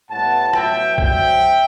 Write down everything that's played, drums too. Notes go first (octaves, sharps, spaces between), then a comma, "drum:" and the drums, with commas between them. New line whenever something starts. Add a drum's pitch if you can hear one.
A2 G3 B3 F#5 A5
A2 F#3 B3 E5 G5, drum: rim click
D3 F#3 C4 E5 G5, drum: kick